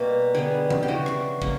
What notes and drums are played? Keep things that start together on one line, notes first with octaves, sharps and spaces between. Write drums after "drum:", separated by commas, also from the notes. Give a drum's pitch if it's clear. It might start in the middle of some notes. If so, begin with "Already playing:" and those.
Already playing: B2 G3 A#3
D3 G3 B3 G#4
drum: tom D3
G4
C#3 E3 G3 F#4
drum: rim click
C#3 F#3 A#3, drum: kick